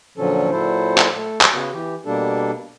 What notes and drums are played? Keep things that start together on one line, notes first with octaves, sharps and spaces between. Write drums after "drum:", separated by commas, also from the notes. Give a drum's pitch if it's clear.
A#2 D3 F3 F#3 C#4 A4
A#2 F#3 E4 A4 C5
drum: clap
A3 A4
drum: clap
C#3 B3 F#4
E3 G4
B2 G3 A#3 D4 A4